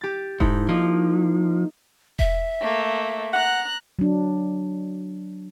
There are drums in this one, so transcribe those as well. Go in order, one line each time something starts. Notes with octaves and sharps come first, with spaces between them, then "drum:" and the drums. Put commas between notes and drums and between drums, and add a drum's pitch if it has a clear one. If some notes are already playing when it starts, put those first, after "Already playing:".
G4 A6
G#2 D#4 E4 A4, drum: kick E1
F3 A#3 D#4
E5, drum: kick E1
A3 A#3
F#5 A#5 F#6
F#3 D4